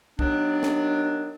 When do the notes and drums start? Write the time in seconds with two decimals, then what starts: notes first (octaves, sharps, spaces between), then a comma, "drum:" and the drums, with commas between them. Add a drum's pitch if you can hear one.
0.19 D#2 D#3 F#3 B3 D4, drum: kick
0.63 drum: snare